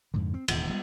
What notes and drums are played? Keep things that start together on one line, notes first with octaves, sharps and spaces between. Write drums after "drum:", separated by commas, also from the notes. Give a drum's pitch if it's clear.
F2 G#2 D3
C4
E1 D#2 A2, drum: cymbal
G3 G#3 B3